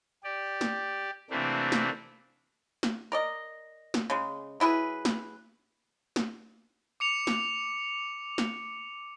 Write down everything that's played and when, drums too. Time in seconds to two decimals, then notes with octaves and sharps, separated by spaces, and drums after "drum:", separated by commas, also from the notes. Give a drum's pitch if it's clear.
0.24 G4 D5
0.61 drum: snare
1.30 C3 E3 A3 A#3 C4 D4
1.72 drum: snare
2.83 drum: snare
3.12 A#4 D5 D#5
3.94 drum: snare
4.10 C#3 G#3
4.60 F#3 E4 G#4 B4
5.05 drum: snare
6.16 drum: snare
7.00 D6 C#7 F7
7.27 drum: snare
8.38 drum: snare